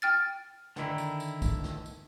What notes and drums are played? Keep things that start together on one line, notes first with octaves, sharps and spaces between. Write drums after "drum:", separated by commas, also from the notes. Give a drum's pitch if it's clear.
G5 F6 A6
D3 D#3 E4, drum: snare
drum: tambourine
drum: tambourine
drum: kick, tambourine
drum: snare
drum: tambourine